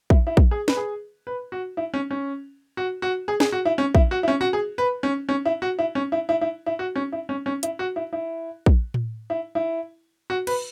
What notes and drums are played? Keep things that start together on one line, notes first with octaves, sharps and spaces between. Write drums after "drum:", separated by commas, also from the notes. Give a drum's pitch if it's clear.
E4, drum: kick A#1
E4
drum: kick A#1
G#4
B4, drum: snare
G#4
B4
F#4
E4
C#4
C#4
F#4
F#4
G#4
G#4, drum: snare
F#4
E4
C#4
E4, drum: kick A#1
F#4
E4
C#4
F#4
G#4
B4
C#4
C#4
E4
F#4
E4
C#4
E4
E4
E4
E4
F#4
C#4
E4
C#4
C#4
E4, drum: hi-hat
F#4
E4
E4
drum: kick A#1
drum: tom A2
E4
E4
F#4
B4, drum: cymbal